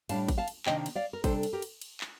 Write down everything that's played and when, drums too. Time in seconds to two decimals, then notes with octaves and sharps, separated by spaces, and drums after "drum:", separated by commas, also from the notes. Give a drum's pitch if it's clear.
0.09 A2 G3 D4 F5 A5, drum: cymbal
0.28 drum: kick G#1, cymbal
0.38 F5 A5
0.48 drum: cymbal
0.66 C3 D#3 A#3 D4 D#5 G5, drum: clap
0.86 drum: cymbal
0.95 D5 F5
1.13 A#4
1.24 C3 G3 D4 A4 C5, drum: kick G#1, cymbal
1.43 drum: cymbal
1.53 G4 A#4
1.62 drum: cymbal
1.81 drum: cymbal
2.01 drum: clap